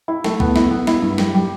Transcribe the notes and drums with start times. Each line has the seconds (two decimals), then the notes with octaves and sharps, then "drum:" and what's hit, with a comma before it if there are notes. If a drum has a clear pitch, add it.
0.08 E4
0.24 A3, drum: snare
0.40 B3, drum: kick B1
0.56 E4, drum: snare
0.71 B3
0.87 E4, drum: snare
1.02 G2
1.18 G3, drum: snare
1.34 G3